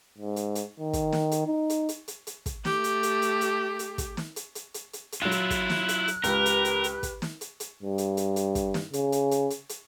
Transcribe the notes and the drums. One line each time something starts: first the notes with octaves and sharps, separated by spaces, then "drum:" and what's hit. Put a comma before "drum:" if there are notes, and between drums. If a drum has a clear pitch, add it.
G#2
drum: hi-hat
drum: hi-hat
D#3
drum: kick, hi-hat
drum: snare
drum: hi-hat
D#4
drum: hi-hat
drum: hi-hat
drum: hi-hat
drum: hi-hat
drum: kick, hi-hat
A3 G4, drum: snare
drum: hi-hat
drum: hi-hat
drum: hi-hat
drum: hi-hat
drum: hi-hat
drum: kick, hi-hat
drum: snare
drum: hi-hat
drum: hi-hat
drum: hi-hat
drum: hi-hat
drum: hi-hat
F#3 E4 F4 F#6 E7
drum: hi-hat
drum: kick, hi-hat
drum: snare
drum: hi-hat
drum: hi-hat
C#2 G4 A#4 B4, drum: hi-hat
drum: hi-hat
drum: hi-hat
drum: hi-hat
drum: kick, hi-hat
drum: snare
drum: hi-hat
drum: hi-hat
G2
drum: hi-hat
drum: hi-hat
drum: hi-hat
drum: kick, hi-hat
drum: snare
C#3, drum: hi-hat
drum: hi-hat
drum: hi-hat
drum: hi-hat
drum: hi-hat